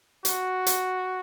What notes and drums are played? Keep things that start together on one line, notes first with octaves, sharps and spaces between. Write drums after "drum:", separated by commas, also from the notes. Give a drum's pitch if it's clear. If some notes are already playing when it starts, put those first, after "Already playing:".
F#4, drum: hi-hat
drum: hi-hat